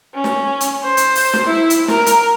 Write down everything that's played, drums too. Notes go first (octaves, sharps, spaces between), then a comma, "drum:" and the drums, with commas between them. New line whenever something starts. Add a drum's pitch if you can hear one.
C#4
drum: snare
drum: hi-hat
C5
drum: hi-hat
drum: open hi-hat
drum: snare
E4
drum: hi-hat
A#4, drum: snare
drum: hi-hat